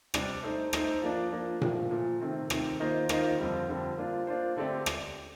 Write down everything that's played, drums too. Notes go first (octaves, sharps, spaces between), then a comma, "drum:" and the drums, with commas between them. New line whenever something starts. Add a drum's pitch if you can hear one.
C3 G3 D4, drum: rim click
A3 D#4 A4 C5
A3 D#4 A4 C5, drum: rim click
F3 A#3 D4
F3 A#3 D4
A#2 F3 A3, drum: tom A#2
A#2 F3 A3
C3 D#3 A3 C4
C3 D#3 A3 C4, drum: rim click
D#3 A#3 F4 C5 D#5
D#3 A#3 F4 C5 D#5, drum: rim click
F2 D3 G3 C4
F2 D3 G3 C4
A#3 D4 F4 C5
A#3 D4 F4 C5
D3 A3 C4 G4 D5
drum: rim click